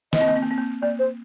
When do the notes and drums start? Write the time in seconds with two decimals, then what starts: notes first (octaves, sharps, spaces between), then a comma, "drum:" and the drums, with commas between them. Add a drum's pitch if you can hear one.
0.13 A#3 D#5, drum: snare
0.21 C4
0.28 A#3
0.36 C4
0.43 A#3
0.51 C4
0.58 A#3
0.82 A#3 D5
0.99 C5